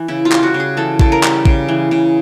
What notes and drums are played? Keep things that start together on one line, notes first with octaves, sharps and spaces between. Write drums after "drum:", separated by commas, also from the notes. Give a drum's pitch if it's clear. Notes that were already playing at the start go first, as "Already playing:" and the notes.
Already playing: E3
C#3 E4
F4
G3, drum: clap
F#4
C#3
G#4
E3 A4
C#3 A4, drum: kick A1
A#4
G3, drum: clap
C#3, drum: kick A1
E3
C#3